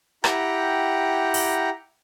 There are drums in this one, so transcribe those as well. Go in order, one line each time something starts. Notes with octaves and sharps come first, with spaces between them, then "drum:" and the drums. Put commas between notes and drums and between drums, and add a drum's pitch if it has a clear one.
E4 G4 F#5 G5 A#5, drum: rim click
drum: open hi-hat